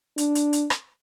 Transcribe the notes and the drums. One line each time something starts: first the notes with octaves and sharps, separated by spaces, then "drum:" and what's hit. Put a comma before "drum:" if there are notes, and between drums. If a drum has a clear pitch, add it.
D4, drum: hi-hat
drum: hi-hat
drum: hi-hat
drum: rim click